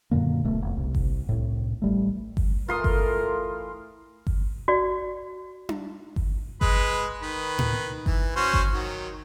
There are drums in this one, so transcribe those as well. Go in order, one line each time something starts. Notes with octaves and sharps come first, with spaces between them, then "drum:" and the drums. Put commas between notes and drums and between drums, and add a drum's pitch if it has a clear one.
F#2 A#2 D3 A#3
D1 A#1 B2 A3
F1
C2
drum: kick G1
C2 A2
A1 G3 A3
drum: kick G1
E3 A3 E4 F4 A#4 C6 D#6
drum: kick G1
drum: kick G1
F#4 D5
drum: tom D4
drum: kick G1
G#3 B4, drum: kick G1
D#3 B4
drum: tom A2
E3, drum: kick G1
C#4 F#4 C5
drum: kick G1
D#3 F#3